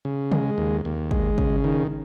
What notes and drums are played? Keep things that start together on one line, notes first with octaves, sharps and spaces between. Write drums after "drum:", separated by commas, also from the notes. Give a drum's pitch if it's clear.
C#3
G#3, drum: tom C3
D#2
D#2
G#3, drum: kick
C#3, drum: kick
D#3